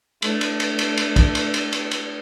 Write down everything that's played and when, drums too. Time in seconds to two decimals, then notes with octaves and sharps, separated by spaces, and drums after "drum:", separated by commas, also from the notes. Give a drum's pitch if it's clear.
0.22 A3 D4, drum: cymbal
0.41 drum: cymbal
0.60 drum: cymbal
0.79 drum: cymbal
0.97 drum: cymbal
1.16 drum: kick, cymbal
1.35 drum: cymbal
1.54 drum: cymbal
1.73 drum: cymbal
1.91 drum: cymbal